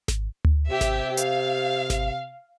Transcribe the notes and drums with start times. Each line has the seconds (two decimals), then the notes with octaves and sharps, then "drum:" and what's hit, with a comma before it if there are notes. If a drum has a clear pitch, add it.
0.08 drum: snare G#1
0.45 drum: tom D2
0.68 C3 G4 E5
0.81 drum: snare G#1
1.17 F5, drum: hi-hat
1.90 drum: snare G#1